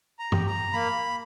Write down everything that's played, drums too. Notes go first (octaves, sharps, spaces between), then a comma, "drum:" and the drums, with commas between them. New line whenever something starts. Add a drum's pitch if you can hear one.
A#5
G4, drum: tom
A#5
A#3 B5